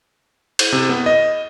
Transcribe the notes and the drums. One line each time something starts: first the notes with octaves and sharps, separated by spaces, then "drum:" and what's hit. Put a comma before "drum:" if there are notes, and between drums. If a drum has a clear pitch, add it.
drum: cymbal
C3
B3
D#5